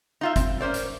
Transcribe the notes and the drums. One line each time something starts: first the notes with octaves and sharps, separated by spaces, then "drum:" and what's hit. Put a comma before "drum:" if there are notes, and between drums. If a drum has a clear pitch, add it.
D#4 F4 E5
C4, drum: kick F#1, hi-hat
C#4 A#4 C5 D5
drum: hi-hat